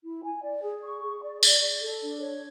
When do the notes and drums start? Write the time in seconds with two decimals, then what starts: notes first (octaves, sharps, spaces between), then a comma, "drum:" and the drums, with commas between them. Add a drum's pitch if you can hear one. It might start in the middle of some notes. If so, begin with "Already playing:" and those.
0.04 E4
0.24 G#5
0.43 D5
0.64 G#4
0.83 C#6
1.03 G#4
1.23 D5
1.43 D5, drum: tambourine
1.62 D5
1.82 A4
2.01 D4
2.21 C#5